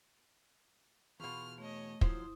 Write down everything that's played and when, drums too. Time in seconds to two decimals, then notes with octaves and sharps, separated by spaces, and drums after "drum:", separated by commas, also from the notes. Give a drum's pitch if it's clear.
1.20 E2 B2 F4 C#6 F6
1.58 A3 C#5 D#5
2.01 F3 F#3 E4 C5 D#6, drum: kick